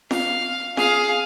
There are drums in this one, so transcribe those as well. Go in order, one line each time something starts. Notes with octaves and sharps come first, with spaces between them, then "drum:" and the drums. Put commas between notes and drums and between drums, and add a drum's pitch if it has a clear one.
F5, drum: snare
G#4 F5, drum: snare